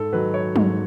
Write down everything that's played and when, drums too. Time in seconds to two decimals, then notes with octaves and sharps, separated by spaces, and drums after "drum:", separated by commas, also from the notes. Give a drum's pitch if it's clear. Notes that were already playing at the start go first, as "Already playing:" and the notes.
Already playing: G#2 A4
0.12 D#3 F#3 B4
0.34 C#5
0.56 G#2, drum: tom